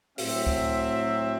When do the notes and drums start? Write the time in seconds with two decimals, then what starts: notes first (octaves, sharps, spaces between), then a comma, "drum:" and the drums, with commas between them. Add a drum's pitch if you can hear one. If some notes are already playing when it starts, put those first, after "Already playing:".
0.18 A2 F#3 C4 E5, drum: open hi-hat
0.47 drum: kick C#2